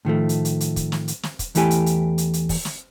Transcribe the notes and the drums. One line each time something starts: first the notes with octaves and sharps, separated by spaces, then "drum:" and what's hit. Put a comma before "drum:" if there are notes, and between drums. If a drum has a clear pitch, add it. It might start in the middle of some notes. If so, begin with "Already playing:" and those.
A2 D#3 F3 A3
drum: hi-hat
drum: hi-hat
drum: hi-hat
drum: kick, hi-hat
drum: snare
drum: hi-hat
drum: snare
drum: kick, hi-hat
E2 E3 A3 E4 G4 G#5, drum: hi-hat
drum: hi-hat
drum: hi-hat
drum: hi-hat
drum: hi-hat
drum: kick, open hi-hat
drum: snare